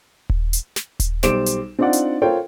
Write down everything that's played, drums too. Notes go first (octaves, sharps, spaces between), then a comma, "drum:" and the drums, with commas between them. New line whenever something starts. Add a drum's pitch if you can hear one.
drum: kick D#1
drum: hi-hat
drum: snare
drum: kick D#1, hi-hat
B1 G3 C5 D6 D7 E7, drum: snare
drum: hi-hat
C4 D4 D#4 F4 D5 F#5
drum: hi-hat
F4 A4 A#4 C5 C#5 G5